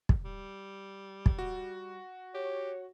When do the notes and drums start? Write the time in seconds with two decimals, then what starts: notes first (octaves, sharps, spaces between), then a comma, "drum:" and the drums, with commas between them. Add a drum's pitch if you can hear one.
0.09 drum: kick
0.25 G3
1.26 drum: kick
1.39 F#4
2.35 G4 C#5